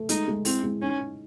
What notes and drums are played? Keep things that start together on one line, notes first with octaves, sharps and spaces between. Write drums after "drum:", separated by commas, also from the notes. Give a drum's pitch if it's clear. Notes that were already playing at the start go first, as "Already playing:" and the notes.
Already playing: A3
G#3 D#4, drum: hi-hat
G#3
C4 E4, drum: open hi-hat
G#3
C#4 D#4
D#4